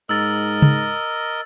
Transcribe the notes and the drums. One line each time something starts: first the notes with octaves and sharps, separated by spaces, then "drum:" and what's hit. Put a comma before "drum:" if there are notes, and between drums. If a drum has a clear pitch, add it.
G#2 A#4 D#5 E6 A6
drum: tom C#3